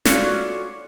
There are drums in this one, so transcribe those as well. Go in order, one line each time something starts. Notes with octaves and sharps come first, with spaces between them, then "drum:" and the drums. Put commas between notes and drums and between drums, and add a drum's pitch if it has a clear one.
C#4 F4 F#4 A4 C#5 D5, drum: snare